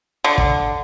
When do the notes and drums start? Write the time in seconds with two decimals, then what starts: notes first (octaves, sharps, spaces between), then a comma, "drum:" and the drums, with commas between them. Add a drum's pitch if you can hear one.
0.24 D3
0.38 drum: kick